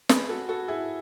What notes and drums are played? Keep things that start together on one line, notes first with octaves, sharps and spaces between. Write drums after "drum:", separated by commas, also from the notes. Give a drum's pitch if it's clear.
G#4 B4, drum: snare
F#4 A4
F#4 A4
E4 G#4